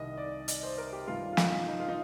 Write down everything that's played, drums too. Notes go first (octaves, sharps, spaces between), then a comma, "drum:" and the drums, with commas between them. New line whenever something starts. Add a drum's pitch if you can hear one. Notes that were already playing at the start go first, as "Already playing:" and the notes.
Already playing: C2 C3 D#3 D#5
D5
D#5, drum: hi-hat
C5
A#4
G4
G2 D#3 F4
F4
D#4, drum: snare
D#4
F4
D#4